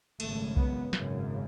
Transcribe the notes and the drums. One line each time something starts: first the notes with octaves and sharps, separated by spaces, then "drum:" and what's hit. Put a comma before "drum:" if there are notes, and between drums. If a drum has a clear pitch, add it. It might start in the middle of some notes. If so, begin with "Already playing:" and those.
G#1 F#2 C#3 A3, drum: cymbal
B3, drum: kick B1
G#1 F#2 C#3, drum: snare